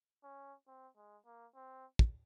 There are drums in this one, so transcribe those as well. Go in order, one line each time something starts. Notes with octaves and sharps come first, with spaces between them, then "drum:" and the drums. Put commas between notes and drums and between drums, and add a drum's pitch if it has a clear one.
C#4
C4
G#3
A#3
C4
drum: kick